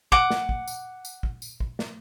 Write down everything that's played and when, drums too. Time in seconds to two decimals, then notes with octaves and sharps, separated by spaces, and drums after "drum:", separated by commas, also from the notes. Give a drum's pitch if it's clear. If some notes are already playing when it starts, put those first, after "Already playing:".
0.12 F#5 D6, drum: kick
0.30 drum: snare
0.49 drum: kick
0.68 drum: tambourine
1.05 drum: tambourine
1.23 drum: kick
1.42 drum: tambourine
1.60 drum: kick
1.79 drum: snare